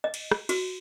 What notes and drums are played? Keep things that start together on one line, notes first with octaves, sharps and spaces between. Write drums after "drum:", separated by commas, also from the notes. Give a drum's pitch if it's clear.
D#5
drum: cymbal
drum: rim click
F#4, drum: cymbal